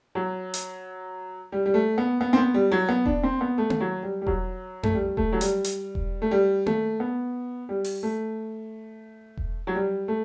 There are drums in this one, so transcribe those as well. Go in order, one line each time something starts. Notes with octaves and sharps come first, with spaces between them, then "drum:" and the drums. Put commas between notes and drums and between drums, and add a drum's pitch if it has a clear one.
F#3
drum: hi-hat
G3
G3
A3
B3
B3
C4
B3
G3
F#3
B3
D4, drum: kick E1
C4
B3
A3
drum: tom A#3
F#3
G3
G3
F#3, drum: kick E1
A3, drum: tom F2
G3
A3, drum: kick E1
F#3
G3, drum: hi-hat
drum: hi-hat
drum: kick E1
A3
G3
A3, drum: tom A#3
B3
G3
drum: open hi-hat
A3
drum: kick E1
F#3
G3
A3